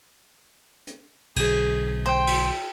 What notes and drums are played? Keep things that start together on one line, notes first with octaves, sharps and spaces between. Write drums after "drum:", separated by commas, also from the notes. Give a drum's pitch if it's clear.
drum: hi-hat
B1 D3 G#4, drum: cymbal
C5 G5
drum: cymbal